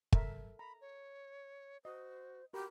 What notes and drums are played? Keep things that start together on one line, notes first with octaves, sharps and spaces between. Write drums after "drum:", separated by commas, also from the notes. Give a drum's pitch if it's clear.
A4 A#4 E5, drum: kick
A#5 B5
C#5
F#4 C5 D#5
F#4 G4 A#4 B5